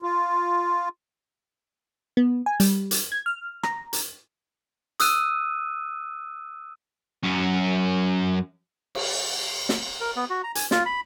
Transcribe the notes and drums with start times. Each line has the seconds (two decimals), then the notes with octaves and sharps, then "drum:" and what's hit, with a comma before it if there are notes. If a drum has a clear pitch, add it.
0.02 F4
2.17 B3
2.46 G#5
2.60 G3, drum: hi-hat
2.91 drum: hi-hat
3.12 G#6
3.26 F6
3.63 A#5, drum: rim click
3.93 drum: hi-hat
5.00 D#6 E6 F#6 D#7, drum: hi-hat
7.23 F#2 C#4
8.95 drum: cymbal
9.69 drum: snare
10.01 A#4
10.16 B3
10.30 F#4
10.44 A#5
10.55 G#5, drum: hi-hat
10.71 F4, drum: snare
10.86 B5